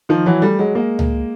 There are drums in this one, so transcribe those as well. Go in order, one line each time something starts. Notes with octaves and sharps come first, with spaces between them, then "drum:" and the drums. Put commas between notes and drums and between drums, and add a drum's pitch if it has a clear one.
D#3 F3
E3 F#3
G3 A3
F#3 G#3
G#3 A#3
drum: tom C#2